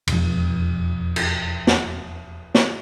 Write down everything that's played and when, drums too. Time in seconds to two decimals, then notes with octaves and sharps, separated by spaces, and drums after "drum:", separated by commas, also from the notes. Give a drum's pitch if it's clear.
0.07 E1 F2, drum: cymbal
1.16 drum: cymbal
1.67 drum: snare
2.55 drum: snare